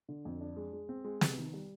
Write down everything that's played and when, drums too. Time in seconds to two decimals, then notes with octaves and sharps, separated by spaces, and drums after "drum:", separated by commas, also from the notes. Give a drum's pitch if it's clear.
0.09 D3
0.25 F2
0.41 D4
0.57 G#3
0.73 G#3
0.89 C4
1.04 G#3
1.21 C3, drum: snare
1.37 D#3
1.53 G3